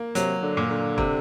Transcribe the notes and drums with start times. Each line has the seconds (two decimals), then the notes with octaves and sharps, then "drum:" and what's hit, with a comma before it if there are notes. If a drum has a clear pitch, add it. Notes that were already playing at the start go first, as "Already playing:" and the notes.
Already playing: A#3
0.15 C3 F#3, drum: hi-hat
0.43 D3
0.57 A#2
0.70 D3
0.98 C3, drum: kick E1